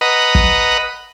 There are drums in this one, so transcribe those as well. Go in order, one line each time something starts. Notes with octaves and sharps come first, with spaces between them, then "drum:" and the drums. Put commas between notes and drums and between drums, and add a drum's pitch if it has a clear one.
B4 D#5 F#5 A#5
drum: kick